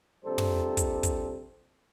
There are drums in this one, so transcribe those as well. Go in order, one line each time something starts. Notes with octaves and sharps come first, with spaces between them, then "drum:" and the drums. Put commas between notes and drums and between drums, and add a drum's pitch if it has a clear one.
A#1 C3 G3 A4 C5
drum: tom
drum: kick, hi-hat
drum: kick, hi-hat